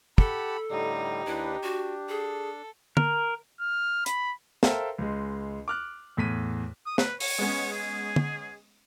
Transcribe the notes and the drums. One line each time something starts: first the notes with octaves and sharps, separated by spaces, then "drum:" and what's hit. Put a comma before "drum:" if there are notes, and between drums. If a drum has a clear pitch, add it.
G4 A4 F#5 A5 B5, drum: kick
A2 D3 G3 D#4 G4
D#2 D4 E4 B4
D4 F#4
G#4 A4
A#4, drum: tom
F6
B5, drum: hi-hat
A4 A#4 C5 E5 F5 G5, drum: snare
C#2 G#3
D6 F6 F#6
E2 A2 B6 D#7
D#6
B4, drum: snare
C#5, drum: open hi-hat
G#3 B3 C#4
G#4
drum: tom